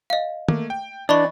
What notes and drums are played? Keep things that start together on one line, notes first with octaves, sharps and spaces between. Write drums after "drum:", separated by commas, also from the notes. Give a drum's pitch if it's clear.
D#5 F5
A3 A#3, drum: tom
G5
E3 D4 D5 D#5 B5 C#6